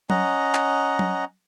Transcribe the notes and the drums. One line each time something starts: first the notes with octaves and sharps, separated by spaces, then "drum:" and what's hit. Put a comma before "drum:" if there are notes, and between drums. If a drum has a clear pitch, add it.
C#4 D#5 F#5 A#5, drum: tom F#3
drum: clap
drum: tom F#3